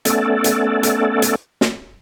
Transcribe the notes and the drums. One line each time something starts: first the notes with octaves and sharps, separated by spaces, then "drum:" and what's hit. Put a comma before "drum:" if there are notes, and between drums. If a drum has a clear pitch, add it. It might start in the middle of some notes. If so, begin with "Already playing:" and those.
A3 B3 C#4 A4 D5, drum: hi-hat
drum: hi-hat
drum: hi-hat
drum: hi-hat
drum: snare